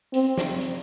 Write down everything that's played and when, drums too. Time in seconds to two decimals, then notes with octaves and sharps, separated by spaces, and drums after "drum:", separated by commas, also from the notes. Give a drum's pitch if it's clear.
0.14 C4, drum: hi-hat
0.37 drum: snare
0.61 drum: hi-hat